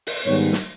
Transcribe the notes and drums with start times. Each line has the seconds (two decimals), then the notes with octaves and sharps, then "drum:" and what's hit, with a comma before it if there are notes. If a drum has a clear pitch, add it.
0.07 drum: open hi-hat
0.25 G#2 D#3 G3 B3 D#4 C#5
0.53 drum: snare